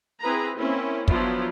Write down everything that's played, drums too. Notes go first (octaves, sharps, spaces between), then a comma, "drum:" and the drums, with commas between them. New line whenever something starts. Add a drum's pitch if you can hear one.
C4 E4 G#4 B4 A#5
A#3 C4 C#4 E4
F3 F#3 B3 D4 E4 F4, drum: kick